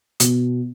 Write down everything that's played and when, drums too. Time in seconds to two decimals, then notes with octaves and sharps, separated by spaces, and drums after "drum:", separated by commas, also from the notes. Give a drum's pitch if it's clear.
0.20 B2, drum: hi-hat